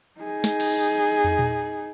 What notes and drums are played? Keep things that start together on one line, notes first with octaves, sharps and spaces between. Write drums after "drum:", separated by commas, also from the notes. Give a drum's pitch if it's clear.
D#4 G#4
drum: snare
drum: cymbal
drum: tom
drum: tom A#2